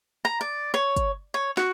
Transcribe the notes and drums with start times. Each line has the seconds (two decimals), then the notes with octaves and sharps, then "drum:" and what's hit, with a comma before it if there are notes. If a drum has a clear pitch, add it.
0.25 A#5
0.41 D5
0.74 C#5
0.97 drum: kick, hi-hat
1.34 C#5
1.57 F#4, drum: snare